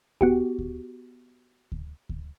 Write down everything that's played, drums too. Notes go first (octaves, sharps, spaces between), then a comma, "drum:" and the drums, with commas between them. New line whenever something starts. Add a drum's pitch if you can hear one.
B3 F#4 G4, drum: kick D2
drum: kick D2
drum: kick D2
drum: kick D2